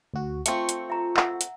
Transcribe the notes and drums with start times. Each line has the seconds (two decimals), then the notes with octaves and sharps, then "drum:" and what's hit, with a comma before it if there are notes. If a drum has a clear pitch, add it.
0.14 D2 F#4
0.46 A3 C4 F4 C#6, drum: hi-hat
0.69 drum: hi-hat
0.90 E5 A#5
1.17 E5 F#5 E6, drum: clap
1.41 drum: hi-hat